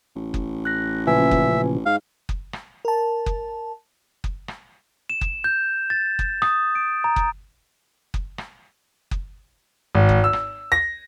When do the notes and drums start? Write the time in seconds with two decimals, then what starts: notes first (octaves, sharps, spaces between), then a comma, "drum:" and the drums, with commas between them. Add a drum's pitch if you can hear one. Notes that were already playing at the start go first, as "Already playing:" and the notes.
0.16 A1
0.34 drum: kick F#1
0.65 F#6 A#6
1.07 A#2 C#3 F3 B4 E5 G#5
1.31 drum: kick F#1
1.86 G#2 F5
2.29 drum: kick F#1
2.53 drum: rim click
2.85 A#4 A5
3.26 drum: kick F#1
4.24 drum: kick F#1
4.48 drum: rim click
5.10 E7
5.21 drum: kick F#1
5.44 G6
5.90 A6
6.19 drum: kick F#1
6.42 D#6, drum: rim click
6.75 D7
7.04 A#5
7.16 drum: kick F#1
8.14 drum: kick F#1
8.38 drum: rim click
9.11 drum: kick F#1
9.95 G#1
10.09 drum: kick F#1
10.24 E6
10.33 drum: rim click
10.72 A#6